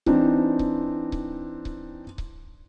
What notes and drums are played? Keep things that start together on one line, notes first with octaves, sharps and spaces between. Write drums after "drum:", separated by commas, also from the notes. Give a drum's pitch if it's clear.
E3 C4 D4 D#4, drum: kick C#1
drum: kick C#1
drum: kick C#1
drum: kick C#1
drum: kick C#1